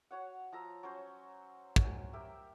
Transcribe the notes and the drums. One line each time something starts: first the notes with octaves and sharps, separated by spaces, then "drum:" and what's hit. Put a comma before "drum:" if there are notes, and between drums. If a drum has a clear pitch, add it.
F#4 C#5 F#5
F3 A#5 E6
F#3 C#4 C5
F#3 G#5, drum: kick
G4 A#4 E5 G5